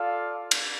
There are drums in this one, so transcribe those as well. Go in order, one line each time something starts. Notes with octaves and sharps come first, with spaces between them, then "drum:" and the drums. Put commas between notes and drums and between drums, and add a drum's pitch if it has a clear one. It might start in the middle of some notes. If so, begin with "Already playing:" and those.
Already playing: F4 A4 D5 F5
drum: cymbal